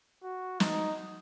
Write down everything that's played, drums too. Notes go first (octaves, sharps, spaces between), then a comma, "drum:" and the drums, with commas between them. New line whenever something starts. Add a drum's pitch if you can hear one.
F#4
D#4, drum: snare